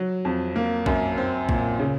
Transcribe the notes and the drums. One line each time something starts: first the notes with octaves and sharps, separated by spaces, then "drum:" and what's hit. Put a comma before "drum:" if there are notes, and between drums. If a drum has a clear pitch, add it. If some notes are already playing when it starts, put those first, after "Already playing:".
Already playing: F#3
F2
A#3
F#2, drum: kick A#1
C4
A#2, drum: kick A#1
C#3